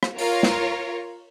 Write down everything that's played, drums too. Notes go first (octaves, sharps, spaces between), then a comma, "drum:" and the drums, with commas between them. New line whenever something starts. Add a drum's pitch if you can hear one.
drum: rim click
F4 A#4 C#5, drum: open hi-hat
drum: snare